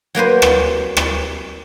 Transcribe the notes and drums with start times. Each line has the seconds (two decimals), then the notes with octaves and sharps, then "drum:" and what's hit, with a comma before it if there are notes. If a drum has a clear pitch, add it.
0.15 F#3 A#3 B4 C5
0.42 drum: rim click
0.97 drum: rim click